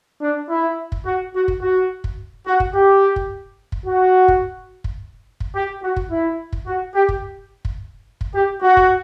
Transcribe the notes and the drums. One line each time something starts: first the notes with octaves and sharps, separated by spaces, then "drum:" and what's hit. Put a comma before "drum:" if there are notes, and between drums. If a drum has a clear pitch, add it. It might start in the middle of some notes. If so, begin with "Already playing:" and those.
D4
E4
drum: kick
F#4
F#4
drum: kick
F#4
drum: kick
F#4
drum: kick
G4
drum: kick
drum: kick
F#4
drum: kick
drum: kick
drum: kick
G4
F#4
drum: kick
E4
drum: kick
F#4
G4
drum: kick
drum: kick
drum: kick
G4
F#4
drum: kick